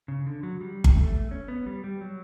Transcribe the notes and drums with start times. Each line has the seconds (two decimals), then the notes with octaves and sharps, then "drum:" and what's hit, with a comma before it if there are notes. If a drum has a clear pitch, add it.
0.08 C#3
0.27 D3
0.43 F#3
0.61 G3
0.84 drum: kick G1
0.96 A3
1.31 C#4
1.48 B3
1.66 G3
1.84 G3
2.01 F#3